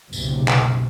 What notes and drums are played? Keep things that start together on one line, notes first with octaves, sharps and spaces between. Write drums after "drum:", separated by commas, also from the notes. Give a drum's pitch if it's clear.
F#1 B1 C3, drum: tambourine
drum: clap